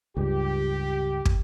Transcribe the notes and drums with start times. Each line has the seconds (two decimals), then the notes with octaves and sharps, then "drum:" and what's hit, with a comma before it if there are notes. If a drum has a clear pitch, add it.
0.17 C#2 G2 G4
1.25 drum: kick